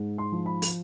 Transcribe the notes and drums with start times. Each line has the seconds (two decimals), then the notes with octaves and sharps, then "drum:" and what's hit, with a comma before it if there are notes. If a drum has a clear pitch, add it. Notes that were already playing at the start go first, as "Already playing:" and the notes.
Already playing: G#2
0.18 C6
0.32 F3
0.46 B5
0.62 drum: open hi-hat